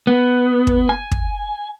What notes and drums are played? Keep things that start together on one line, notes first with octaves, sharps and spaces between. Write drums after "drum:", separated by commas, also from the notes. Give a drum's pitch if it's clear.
B3
drum: kick
G#5
drum: kick